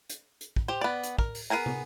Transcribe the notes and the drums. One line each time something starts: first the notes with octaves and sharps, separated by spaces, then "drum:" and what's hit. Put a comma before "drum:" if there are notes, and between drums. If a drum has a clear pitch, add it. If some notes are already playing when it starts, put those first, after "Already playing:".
drum: hi-hat
drum: hi-hat
drum: kick
G4 C5
B3 D5
drum: hi-hat
A#4, drum: kick
drum: open hi-hat
B3 G#4 A#4 G#5 A#5
drum: tom